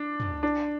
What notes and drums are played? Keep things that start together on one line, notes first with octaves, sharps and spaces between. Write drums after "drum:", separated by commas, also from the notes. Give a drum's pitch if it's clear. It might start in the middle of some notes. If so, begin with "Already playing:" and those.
Already playing: D4
drum: tom
D4